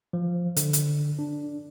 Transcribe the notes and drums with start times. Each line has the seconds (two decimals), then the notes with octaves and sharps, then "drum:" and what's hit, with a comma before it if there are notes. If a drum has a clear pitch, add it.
0.13 F3
0.56 D3, drum: hi-hat
0.73 drum: hi-hat
1.19 D4